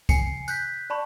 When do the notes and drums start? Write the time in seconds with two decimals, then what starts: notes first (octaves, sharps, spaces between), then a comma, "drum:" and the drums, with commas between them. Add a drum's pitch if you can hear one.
0.09 G#5 C7 C#7, drum: kick, tambourine
0.48 F#6 G6 B6, drum: tambourine
0.90 D5 A5 B5 C#6